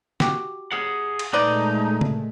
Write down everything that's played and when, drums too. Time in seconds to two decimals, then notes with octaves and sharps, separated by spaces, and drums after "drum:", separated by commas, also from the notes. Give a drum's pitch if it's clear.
0.20 F#4 G4, drum: snare
0.72 G#4 F#5
1.19 drum: cymbal
1.33 A#2 G#3 A3 B3 D#4 D5
2.01 drum: tom C#3